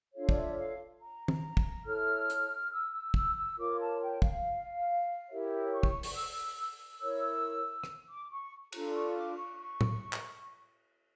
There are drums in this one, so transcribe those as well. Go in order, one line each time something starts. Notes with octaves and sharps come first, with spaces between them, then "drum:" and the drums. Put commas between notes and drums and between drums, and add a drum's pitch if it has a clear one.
D4 F4 A4 C#5 F5
D5, drum: kick
E5
F5
A#5
drum: tom
drum: kick
E4 A4 C#5 F6
drum: hi-hat
E6
E6
E6, drum: kick
E6
F4 A#4 C#5 D6
A5
G5
F5, drum: kick
E4 G4 A#4 C#5 E5
C#6
drum: kick
drum: open hi-hat
E6
E6
E4 A#4 C#5
drum: rim click
D6
C#6
D4 F4 A4 A#5, drum: cymbal
C#6
D6
C#6
C#6
drum: tom A2
drum: clap